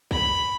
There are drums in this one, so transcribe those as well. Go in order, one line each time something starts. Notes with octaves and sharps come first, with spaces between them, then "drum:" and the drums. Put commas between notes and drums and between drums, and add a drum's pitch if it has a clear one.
B5, drum: kick